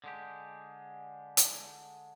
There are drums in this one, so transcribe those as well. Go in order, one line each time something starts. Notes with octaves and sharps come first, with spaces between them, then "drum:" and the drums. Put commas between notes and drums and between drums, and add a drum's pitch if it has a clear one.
D3 G#3 G4
drum: hi-hat